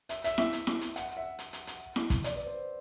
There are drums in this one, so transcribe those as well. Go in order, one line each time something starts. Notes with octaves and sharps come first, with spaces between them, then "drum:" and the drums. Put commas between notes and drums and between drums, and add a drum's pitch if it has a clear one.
E5, drum: hi-hat
E5, drum: hi-hat
E5, drum: snare E4
drum: hi-hat
drum: snare E4
drum: hi-hat
F#5, drum: hi-hat
E5
drum: hi-hat
drum: hi-hat
drum: hi-hat
drum: snare E4
drum: kick, hi-hat
D5, drum: hi-hat
B4
C5